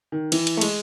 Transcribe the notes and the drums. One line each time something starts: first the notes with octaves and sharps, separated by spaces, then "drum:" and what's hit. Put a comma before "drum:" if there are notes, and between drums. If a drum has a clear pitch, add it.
D#3
E3, drum: cymbal
drum: cymbal
A3
G#3, drum: cymbal